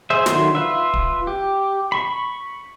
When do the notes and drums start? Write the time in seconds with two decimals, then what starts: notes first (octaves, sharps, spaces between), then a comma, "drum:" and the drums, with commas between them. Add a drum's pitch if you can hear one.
0.10 G#4 C5 E5
0.26 D3 D#3 F#3 E5 C6, drum: snare
0.55 F4 B4 E5
0.94 drum: kick
1.27 G4
1.92 B5 C#6